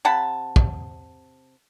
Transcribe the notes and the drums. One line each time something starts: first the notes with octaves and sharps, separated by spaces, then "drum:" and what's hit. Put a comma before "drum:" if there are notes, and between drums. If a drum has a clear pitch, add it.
C3 F#5 A5 B5
drum: kick